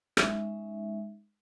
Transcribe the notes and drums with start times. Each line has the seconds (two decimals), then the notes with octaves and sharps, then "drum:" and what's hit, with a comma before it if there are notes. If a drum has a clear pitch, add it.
0.17 G#3 C#4 D#4 E5, drum: rim click